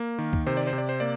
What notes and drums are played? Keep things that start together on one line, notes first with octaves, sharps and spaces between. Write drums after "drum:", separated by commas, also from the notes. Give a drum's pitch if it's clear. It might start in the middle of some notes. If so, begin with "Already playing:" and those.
Already playing: A#3
D#3
drum: kick C#2
C3 C5
D5
C5
C3
D5
C5
A#3 D5